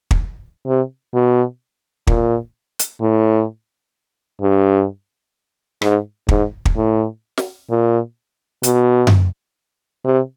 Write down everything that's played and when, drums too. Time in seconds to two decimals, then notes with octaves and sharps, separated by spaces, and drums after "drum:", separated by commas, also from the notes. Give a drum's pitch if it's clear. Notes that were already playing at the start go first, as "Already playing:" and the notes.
0.11 drum: kick
0.66 C3
1.14 B2
2.07 A#2, drum: kick
2.79 drum: hi-hat
3.01 A2
4.42 G2
5.82 G#2, drum: rim click
6.29 G#2, drum: kick
6.65 drum: kick
6.76 A2
7.38 drum: snare
7.70 A#2
8.63 B2, drum: hi-hat
9.07 drum: tom F#2
10.05 C3